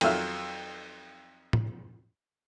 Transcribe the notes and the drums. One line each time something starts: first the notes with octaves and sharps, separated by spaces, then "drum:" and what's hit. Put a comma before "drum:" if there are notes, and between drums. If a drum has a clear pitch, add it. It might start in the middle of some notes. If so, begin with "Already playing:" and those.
F2 D#3 F#3 F4 E5 F6, drum: cymbal
drum: tom